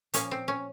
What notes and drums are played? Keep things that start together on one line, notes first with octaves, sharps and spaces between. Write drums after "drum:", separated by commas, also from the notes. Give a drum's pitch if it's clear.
A#2 F3 A#3 C#4, drum: hi-hat
C4
C#4